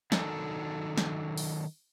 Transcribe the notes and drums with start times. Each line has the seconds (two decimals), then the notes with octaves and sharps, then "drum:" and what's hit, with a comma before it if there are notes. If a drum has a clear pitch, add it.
0.12 D#3 F#3 D4 D#4 A4, drum: snare
0.98 drum: snare
1.38 drum: open hi-hat